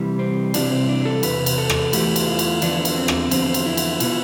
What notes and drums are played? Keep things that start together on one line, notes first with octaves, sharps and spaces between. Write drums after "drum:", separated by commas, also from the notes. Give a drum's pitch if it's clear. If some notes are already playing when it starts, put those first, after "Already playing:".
Already playing: C3 E3 G3
C4
C3 E3 G3 D4, drum: cymbal
C4
D4
A4
E2 C3 B4, drum: cymbal
drum: cymbal
A4
drum: rim click
E2 C3 E3 A3 G4, drum: cymbal
drum: cymbal
F4
drum: cymbal
E2 D3 F3 B3 D4, drum: cymbal
drum: cymbal
C4
drum: rim click
E2 D3 F3 B3 C4, drum: cymbal
drum: cymbal
E4
drum: cymbal
B2 B3 F4, drum: cymbal